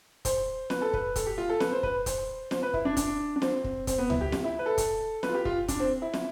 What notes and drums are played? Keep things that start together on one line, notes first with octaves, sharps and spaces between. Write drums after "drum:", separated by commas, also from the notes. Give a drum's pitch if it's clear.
C5, drum: kick, hi-hat
B4, drum: snare
A4
B4, drum: kick
A4, drum: kick, hi-hat
G4
F4
A4
B4, drum: snare
C5
B4, drum: kick
C5, drum: kick, hi-hat
C5, drum: snare
B4
E4, drum: kick
D4
D4, drum: kick, hi-hat
D4
C4, drum: snare
drum: kick
C4, drum: kick, hi-hat
B3
E4, drum: tom C#2
G4
drum: snare
E4
B4
A4
drum: kick, hi-hat
B4, drum: snare
F4
G4
F4, drum: kick
D4, drum: kick, hi-hat
C4
E4
drum: snare